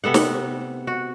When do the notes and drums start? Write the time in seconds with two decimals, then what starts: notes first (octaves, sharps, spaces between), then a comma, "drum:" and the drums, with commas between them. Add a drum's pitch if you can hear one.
0.04 C3 B3 A4 F#5
0.14 drum: snare
0.87 F#4